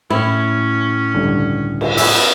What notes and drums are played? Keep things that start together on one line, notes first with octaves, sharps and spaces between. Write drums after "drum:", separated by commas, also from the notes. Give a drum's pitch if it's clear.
A2 C#4 E4
C#2 G2 D3
drum: cymbal
B3 C#4 E5, drum: open hi-hat